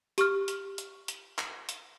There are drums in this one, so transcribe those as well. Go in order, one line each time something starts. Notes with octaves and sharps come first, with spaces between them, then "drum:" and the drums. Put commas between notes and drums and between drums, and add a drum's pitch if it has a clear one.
G4 C#6 F6, drum: hi-hat
drum: hi-hat
drum: hi-hat
drum: hi-hat
drum: clap
drum: hi-hat